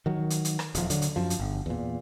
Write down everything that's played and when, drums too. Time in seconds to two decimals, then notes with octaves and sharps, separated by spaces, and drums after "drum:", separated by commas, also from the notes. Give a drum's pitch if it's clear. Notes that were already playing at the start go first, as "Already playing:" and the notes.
0.06 D#3 F#3
0.30 drum: hi-hat
0.45 drum: hi-hat
0.59 drum: rim click
0.75 D#1 F3, drum: hi-hat
0.90 D3 F#3, drum: hi-hat
1.02 drum: hi-hat
1.16 F#2 F3
1.30 drum: hi-hat
1.39 G1
1.66 E2 A#2